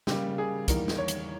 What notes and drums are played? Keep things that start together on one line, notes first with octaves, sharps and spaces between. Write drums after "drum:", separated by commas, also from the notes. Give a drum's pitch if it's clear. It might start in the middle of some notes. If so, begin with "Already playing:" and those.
C#3 G3 A#3 G4, drum: snare
G#4
E2 D#3 G3 A#3 A#4, drum: kick, hi-hat
drum: snare
C#5
drum: hi-hat